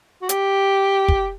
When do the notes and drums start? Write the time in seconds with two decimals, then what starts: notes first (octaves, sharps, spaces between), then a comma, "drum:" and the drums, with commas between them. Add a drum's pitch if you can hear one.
0.22 F#4
0.29 G4, drum: hi-hat
1.08 drum: kick